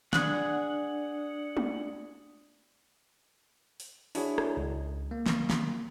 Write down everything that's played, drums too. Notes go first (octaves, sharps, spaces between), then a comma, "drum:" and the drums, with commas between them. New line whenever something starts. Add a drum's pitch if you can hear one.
D4 G#4 D5 F#5, drum: snare
drum: tom
drum: open hi-hat
D4 E4 F#4 G#4 C#5, drum: open hi-hat
drum: rim click
C#2
A#3
drum: snare
drum: snare